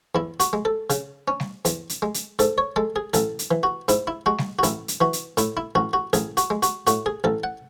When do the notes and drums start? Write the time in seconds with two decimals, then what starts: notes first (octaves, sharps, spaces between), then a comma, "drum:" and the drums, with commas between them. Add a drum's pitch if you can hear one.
0.15 E2 E4
0.40 F#4, drum: hi-hat
0.53 G#3
0.65 A4
0.90 C#3, drum: hi-hat
1.28 C#4
1.40 drum: snare G3
1.65 E2, drum: hi-hat
1.89 drum: hi-hat
2.02 G#3
2.14 drum: hi-hat
2.39 G#2 A4, drum: hi-hat
2.58 C#5
2.76 G#3 A4
2.96 G#4
3.13 A1 A4, drum: hi-hat
3.39 drum: hi-hat
3.51 E3
3.63 F#4
3.88 G#2 E4, drum: hi-hat
4.07 E4
4.26 G#3 F#4
4.38 drum: snare G3
4.59 F#4
4.63 A1 E4, drum: hi-hat
4.88 drum: hi-hat
5.01 E3 F#4
5.13 drum: hi-hat
5.37 A2 E4, drum: hi-hat
5.57 E4
5.75 A1 F#4
5.93 F#4
6.13 A1 G#4, drum: hi-hat
6.37 F#4, drum: hi-hat
6.50 G#3
6.63 F#4, drum: hi-hat
6.87 A2 F#4, drum: hi-hat
7.06 G#4
7.24 A1 A4
7.44 F#5